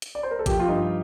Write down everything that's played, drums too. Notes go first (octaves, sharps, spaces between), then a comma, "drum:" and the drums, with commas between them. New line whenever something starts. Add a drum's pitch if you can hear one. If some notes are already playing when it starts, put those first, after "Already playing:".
drum: hi-hat
D5
C5
A#4
A4
F3 G4, drum: kick, hi-hat
F4
G2 D#4